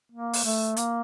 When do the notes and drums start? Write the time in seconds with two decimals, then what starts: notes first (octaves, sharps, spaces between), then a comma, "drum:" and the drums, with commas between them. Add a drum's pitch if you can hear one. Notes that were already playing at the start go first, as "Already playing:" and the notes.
0.12 A#3
0.33 drum: open hi-hat
0.44 A3
0.77 A#3, drum: hi-hat